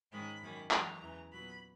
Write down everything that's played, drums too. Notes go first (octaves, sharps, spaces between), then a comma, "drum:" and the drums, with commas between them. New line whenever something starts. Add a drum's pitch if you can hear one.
G#2 D#3 G#3 C#4 B5
F#2 D#3 A#3 C#4
F#2 E3 G#3 C#4 A#5, drum: clap
E2 C#3 E3
A#2 F#3 B3 B5